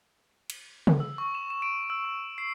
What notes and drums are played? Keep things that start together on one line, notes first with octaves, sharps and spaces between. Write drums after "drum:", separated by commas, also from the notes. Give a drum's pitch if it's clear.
drum: cymbal
drum: tom C#3
E6
C#6
E7
E7
D7
E6
C#6
C7